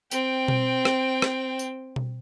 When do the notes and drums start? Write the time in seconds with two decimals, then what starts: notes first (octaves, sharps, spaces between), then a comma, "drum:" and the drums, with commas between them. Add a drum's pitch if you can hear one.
0.11 C4 G5, drum: tambourine
0.48 drum: tom B2
0.85 drum: rim click
1.22 drum: rim click
1.59 drum: tambourine
1.96 drum: tom B2